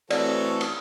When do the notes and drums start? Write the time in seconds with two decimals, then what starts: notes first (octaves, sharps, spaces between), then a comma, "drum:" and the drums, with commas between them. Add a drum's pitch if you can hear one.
0.11 E3 A3 C4 F#4 A4 C#5 D5, drum: cymbal
0.61 drum: cymbal